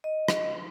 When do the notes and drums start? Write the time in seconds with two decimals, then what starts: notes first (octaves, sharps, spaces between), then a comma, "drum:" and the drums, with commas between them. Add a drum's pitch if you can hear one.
0.04 D#5
0.28 drum: rim click